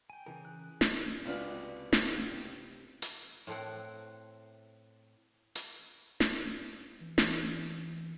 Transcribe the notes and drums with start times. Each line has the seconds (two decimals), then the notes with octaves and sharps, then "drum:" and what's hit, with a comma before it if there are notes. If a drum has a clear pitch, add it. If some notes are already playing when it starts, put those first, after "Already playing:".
0.10 G5 G#5
0.26 C#3 E3 G#4 A#4
0.45 F#6
0.81 D#4 D#5, drum: snare
1.26 C#2 C3 G#3 D4 F4 F#4 B4 F6
1.93 drum: snare
3.02 drum: hi-hat
3.47 A2 C4 A4 A#4 F#5
5.55 drum: hi-hat
6.20 drum: snare
7.00 E3
7.18 drum: snare